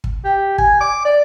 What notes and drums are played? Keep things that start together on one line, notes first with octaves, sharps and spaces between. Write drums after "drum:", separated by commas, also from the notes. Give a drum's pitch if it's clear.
drum: kick
G4
G#5, drum: kick
D6
D5